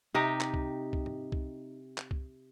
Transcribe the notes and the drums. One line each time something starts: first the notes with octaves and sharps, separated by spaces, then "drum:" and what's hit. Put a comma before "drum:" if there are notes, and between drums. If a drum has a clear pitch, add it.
C3 D#4 G4 D#5
drum: clap
drum: kick C2
drum: kick C2
drum: tom G#2
drum: kick C2
drum: clap
drum: kick C2